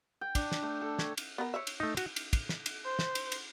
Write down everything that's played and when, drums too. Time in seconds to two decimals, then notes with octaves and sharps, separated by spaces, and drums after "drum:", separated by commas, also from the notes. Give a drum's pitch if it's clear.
0.21 G5
0.35 D4, drum: kick, cymbal
0.52 drum: snare
0.63 A3
0.81 A4
0.99 C#5, drum: snare
1.17 drum: cymbal
1.38 B3 A#4
1.54 C#5 E5
1.67 drum: cymbal
1.80 A3 D#4
1.97 F#4, drum: cymbal
2.16 drum: cymbal
2.33 drum: kick, cymbal
2.49 drum: snare
2.66 drum: cymbal
2.85 C5
2.99 drum: snare
3.15 drum: cymbal
3.32 drum: cymbal